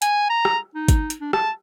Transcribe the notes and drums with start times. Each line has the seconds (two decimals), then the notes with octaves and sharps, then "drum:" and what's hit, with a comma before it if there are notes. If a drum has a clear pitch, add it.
0.02 G#5, drum: hi-hat
0.29 A#5
0.45 drum: rim click
0.75 D#4
0.88 drum: kick, hi-hat
1.10 drum: hi-hat
1.20 D4
1.33 A5, drum: rim click